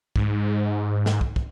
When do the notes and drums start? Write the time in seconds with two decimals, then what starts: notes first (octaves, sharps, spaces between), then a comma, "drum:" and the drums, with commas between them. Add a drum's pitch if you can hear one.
0.16 G#2, drum: kick
1.06 drum: snare
1.21 drum: kick
1.36 drum: kick